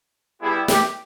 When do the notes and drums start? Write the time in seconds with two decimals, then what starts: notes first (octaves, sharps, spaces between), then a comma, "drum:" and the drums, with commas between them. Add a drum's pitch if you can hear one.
0.40 G3 B3 E4 G4 G#4
0.68 G4, drum: snare